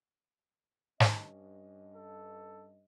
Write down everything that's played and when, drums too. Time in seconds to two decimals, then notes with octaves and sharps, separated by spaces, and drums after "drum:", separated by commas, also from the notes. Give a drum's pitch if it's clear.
1.00 G2 C#4 D#5, drum: snare
1.96 A4